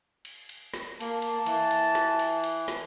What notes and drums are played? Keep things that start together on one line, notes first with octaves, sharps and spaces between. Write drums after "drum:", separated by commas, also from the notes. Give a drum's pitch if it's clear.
drum: cymbal
drum: cymbal
drum: snare
A#3 A5, drum: cymbal
drum: cymbal
E3, drum: cymbal
drum: cymbal
drum: snare
drum: cymbal
drum: cymbal
drum: snare